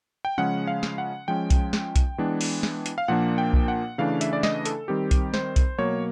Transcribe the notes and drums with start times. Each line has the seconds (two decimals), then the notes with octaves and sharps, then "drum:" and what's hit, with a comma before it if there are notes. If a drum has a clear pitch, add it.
0.25 G5
0.38 C#3 F3 G#3 C#4 F#5
0.67 F5
0.83 drum: snare
0.98 F#5
1.28 F3 G#3 C#4 G5
1.50 drum: kick B1, hi-hat
1.73 drum: snare
1.96 drum: kick B1, hi-hat
2.18 E3 G#3 B3 D4
2.41 drum: open hi-hat
2.63 drum: snare
2.86 drum: hi-hat
2.98 F5
3.08 A#2 F3 A#3 D4 F#5
3.38 G5
3.53 drum: kick B1
3.68 F#5
3.98 C#3 E3 A3 D4 F5
4.21 E5, drum: hi-hat
4.33 D5
4.43 D#5, drum: snare
4.65 A4, drum: hi-hat
4.88 D#3 G3 C4 G4
5.11 drum: kick B1, hi-hat
5.34 C5, drum: snare
5.56 drum: kick B1, hi-hat
5.78 B2 F#3 A#3 C#5